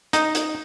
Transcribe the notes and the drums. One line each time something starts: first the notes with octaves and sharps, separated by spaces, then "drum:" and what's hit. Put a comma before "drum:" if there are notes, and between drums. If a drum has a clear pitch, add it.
D#4, drum: hi-hat
drum: hi-hat